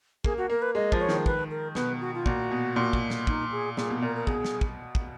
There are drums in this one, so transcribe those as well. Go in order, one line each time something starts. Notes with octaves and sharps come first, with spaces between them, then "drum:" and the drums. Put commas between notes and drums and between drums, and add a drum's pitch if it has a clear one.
A#3 G#4, drum: kick
F#4
A#3 A#4
B4
G#3 D#5
F3, drum: kick
C#5
D#3, drum: snare
B4, drum: kick
A#4
B2 B4, drum: snare
F#4
F4
A#2 F#4, drum: kick
B2
A#2
drum: kick
drum: snare
D#4, drum: kick
G#4
A#2 G#4, drum: snare
B2
A#2 A#4
A#4
B2 G#4, drum: kick
drum: snare
drum: kick
drum: kick